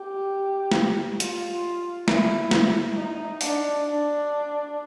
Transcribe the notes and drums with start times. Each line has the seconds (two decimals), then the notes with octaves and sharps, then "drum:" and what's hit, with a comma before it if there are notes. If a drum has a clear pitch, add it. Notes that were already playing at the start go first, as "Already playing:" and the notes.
Already playing: G4
0.72 drum: snare
1.20 F4, drum: hi-hat
2.08 E4, drum: snare
2.51 drum: snare
2.96 D#4
3.41 D4, drum: open hi-hat
3.84 D4